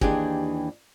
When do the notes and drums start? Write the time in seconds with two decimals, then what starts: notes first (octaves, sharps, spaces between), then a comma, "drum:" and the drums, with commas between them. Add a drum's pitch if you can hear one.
0.01 D#2 E3 D4 G4 G#4, drum: kick